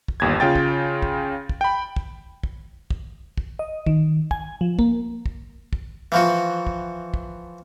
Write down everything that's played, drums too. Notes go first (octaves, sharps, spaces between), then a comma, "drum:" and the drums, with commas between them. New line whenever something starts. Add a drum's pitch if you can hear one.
drum: kick
G1 D#2 G#6
C#3 F4 G5 A6
drum: kick
drum: kick
drum: kick
G5 B5
drum: kick
drum: kick
drum: kick
drum: kick
D#5
D#3, drum: kick
G#5, drum: kick
F3
A#3, drum: kick
drum: kick
drum: kick
E3 F3 F#4
drum: kick
drum: kick